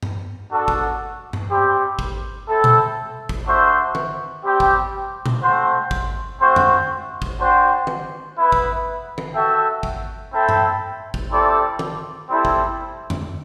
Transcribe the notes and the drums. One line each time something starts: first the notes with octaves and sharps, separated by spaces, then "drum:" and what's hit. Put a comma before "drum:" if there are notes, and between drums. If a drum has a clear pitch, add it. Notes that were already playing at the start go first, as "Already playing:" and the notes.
drum: tom G2
D4 F#4 A4
drum: kick
drum: tom G2
G3 C4 G4
drum: kick
C4 E4 A4
drum: tom A#2
drum: kick
A3 D4 F#4 C5 E5
drum: tom
G3 C4 G4
drum: kick
drum: tom A#2
A3 C4 F#4 C5
drum: kick
A3 C4 F#4 C5
drum: tom F2
drum: kick
D4 F#4 C5 G5
drum: tom
B3 E4 B4
drum: kick
drum: tom
F#4 A4 E5 G5
drum: kick
C4 E4 A4 E5 G5
drum: tom G2
drum: kick
G3 C4 E4 A4 D5
drum: tom
G3 C4 E4 A4
drum: kick
drum: tom F2